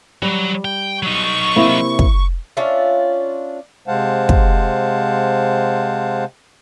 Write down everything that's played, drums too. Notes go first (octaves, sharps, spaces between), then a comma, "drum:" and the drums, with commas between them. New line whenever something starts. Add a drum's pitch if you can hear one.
F#3 G3
G5
F#3 D#4 C#6
C3 A#3 E4
drum: kick
C#4 D4 F4 E5
C3 G#3 C5 F5 F#5 A5
drum: kick